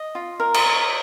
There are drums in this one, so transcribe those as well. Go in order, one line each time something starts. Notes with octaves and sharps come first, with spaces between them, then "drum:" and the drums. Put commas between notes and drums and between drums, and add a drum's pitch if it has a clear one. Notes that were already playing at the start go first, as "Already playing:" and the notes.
Already playing: D#5
F4
A#4
drum: cymbal
C#5